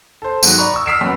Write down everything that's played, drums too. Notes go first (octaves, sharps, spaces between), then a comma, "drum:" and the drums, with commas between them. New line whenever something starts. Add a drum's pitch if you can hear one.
A4 C5
G#2 D#3 F#3, drum: tambourine
D5 A#5 B5 C#6
C#6 E6
E6 F6 B6 C7 D7 E7
F#2 B3 B5